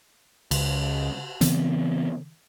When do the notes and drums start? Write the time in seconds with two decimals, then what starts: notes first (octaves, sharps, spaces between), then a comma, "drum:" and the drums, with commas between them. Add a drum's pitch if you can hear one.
0.51 C#2, drum: cymbal
1.41 C#3 E3 B3 C4, drum: hi-hat